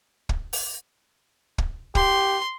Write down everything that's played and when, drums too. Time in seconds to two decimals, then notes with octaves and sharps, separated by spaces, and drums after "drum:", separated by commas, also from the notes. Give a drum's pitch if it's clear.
0.29 drum: kick
0.53 drum: open hi-hat
1.58 drum: kick
1.95 G4 C6, drum: kick